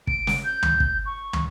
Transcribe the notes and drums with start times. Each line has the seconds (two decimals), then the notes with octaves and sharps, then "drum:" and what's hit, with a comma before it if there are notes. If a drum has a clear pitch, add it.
0.07 D7, drum: kick
0.27 drum: snare
0.45 G6
0.63 drum: tom
0.80 drum: kick
1.06 C#6
1.33 drum: tom